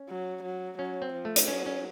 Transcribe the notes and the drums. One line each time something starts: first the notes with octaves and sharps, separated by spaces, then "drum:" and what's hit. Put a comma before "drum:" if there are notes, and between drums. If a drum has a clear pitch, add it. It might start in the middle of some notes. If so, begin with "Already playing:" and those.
Already playing: C#4
F#3
F#3
F#3 C#4
C4
F3
A3
drum: hi-hat
F#3 C#4
C#4